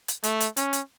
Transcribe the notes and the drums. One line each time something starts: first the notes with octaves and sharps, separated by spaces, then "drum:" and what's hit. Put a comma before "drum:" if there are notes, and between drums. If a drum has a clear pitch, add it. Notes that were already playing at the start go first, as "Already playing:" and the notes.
drum: hi-hat
A3, drum: hi-hat
drum: hi-hat
C#4, drum: hi-hat
drum: hi-hat